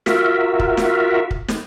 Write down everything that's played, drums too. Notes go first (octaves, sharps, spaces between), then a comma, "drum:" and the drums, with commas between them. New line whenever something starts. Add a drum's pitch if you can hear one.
F4 F#4 A#4 E5, drum: snare
drum: kick
drum: snare
drum: kick
drum: snare